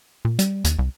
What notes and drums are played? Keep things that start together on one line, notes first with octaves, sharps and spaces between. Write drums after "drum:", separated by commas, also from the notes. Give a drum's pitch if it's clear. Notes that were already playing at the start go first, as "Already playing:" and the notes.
A#2
G3, drum: hi-hat
D#2, drum: hi-hat
C2